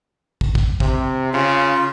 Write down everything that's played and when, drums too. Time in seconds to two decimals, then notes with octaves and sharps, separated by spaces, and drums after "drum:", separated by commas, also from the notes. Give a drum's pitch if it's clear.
0.41 drum: kick
0.55 drum: kick
0.80 C3, drum: kick
1.33 C#3 F4